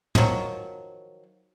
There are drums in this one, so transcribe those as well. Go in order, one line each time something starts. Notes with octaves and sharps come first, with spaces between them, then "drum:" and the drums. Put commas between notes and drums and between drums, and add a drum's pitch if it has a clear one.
D#3 F3 F#3, drum: tom